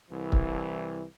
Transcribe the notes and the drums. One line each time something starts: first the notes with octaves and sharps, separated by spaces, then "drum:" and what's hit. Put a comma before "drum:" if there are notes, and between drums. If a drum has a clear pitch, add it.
C2 E3
drum: kick